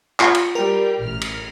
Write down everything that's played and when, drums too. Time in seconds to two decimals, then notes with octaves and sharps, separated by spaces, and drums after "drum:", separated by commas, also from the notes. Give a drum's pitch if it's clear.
0.20 F4 F#5, drum: clap
0.35 drum: cymbal
0.55 G3 A#4 G5
1.00 A1 F6
1.21 drum: cymbal